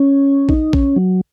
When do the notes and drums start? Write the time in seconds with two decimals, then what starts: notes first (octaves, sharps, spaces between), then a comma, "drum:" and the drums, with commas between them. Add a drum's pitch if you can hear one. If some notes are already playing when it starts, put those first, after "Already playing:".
Already playing: C#4
0.49 D#4, drum: kick A#1
0.73 C#4, drum: kick A#1
0.96 F#3